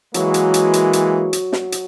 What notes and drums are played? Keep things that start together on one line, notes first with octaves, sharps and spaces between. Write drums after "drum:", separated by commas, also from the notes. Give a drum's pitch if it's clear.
E3 F#3 G#3 A#3 F#4, drum: hi-hat
drum: hi-hat
drum: hi-hat
drum: hi-hat
drum: hi-hat
drum: hi-hat
drum: snare
drum: hi-hat